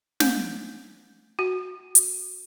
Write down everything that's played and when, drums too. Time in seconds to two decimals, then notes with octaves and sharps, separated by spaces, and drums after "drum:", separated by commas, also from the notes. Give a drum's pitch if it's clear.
0.20 A3, drum: snare
1.39 F#4
1.95 drum: hi-hat